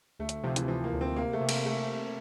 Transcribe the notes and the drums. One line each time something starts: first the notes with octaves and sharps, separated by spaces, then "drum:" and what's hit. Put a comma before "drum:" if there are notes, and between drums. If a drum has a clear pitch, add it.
D2 A3
drum: hi-hat
C3 F3
E3, drum: hi-hat
E3 F3
A#3
D2
C4
C3 A#3
A3
C3
A#3, drum: cymbal
A3